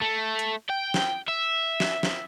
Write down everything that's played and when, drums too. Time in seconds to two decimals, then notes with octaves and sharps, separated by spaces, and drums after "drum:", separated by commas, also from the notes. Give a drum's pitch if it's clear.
0.01 A3
0.39 drum: hi-hat
0.70 G5
0.94 drum: snare
1.28 E5
1.80 drum: snare
2.03 drum: snare